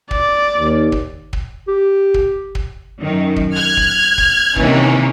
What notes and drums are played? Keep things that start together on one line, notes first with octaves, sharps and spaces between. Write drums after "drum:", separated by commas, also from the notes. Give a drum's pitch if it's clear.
D5, drum: kick
D#2
drum: kick
drum: kick
G4
drum: kick
drum: kick
F#2 D#3
drum: kick
F6 F#6 G#6
drum: kick
drum: kick
C3 D#3 E3 A#3 C#4, drum: kick